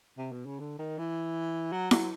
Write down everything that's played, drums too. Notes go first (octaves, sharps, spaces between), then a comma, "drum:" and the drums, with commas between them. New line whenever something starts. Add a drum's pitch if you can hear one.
C3
B2
C#3
D3
D#3
E3
F#3
F#3, drum: snare E4